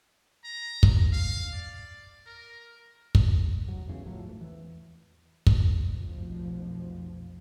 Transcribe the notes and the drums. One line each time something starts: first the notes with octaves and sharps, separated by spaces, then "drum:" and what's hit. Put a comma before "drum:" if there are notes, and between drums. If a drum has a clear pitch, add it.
A#5
drum: kick
F5
D5
A#4
drum: kick
F1 F#3
A1 E2 C#3
A1 A2 F3 F#3
E2 G#2 A3
E2 E3
drum: kick
F1 B1 F2 B2 F3